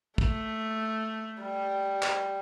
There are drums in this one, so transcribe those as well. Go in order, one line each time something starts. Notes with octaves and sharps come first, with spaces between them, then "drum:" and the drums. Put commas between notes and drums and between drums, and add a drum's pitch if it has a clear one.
A3, drum: kick
G3
drum: clap